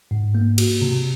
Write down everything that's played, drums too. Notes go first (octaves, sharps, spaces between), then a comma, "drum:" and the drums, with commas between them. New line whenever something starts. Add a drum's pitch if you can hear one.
G#2
A#3
F#4, drum: cymbal
C3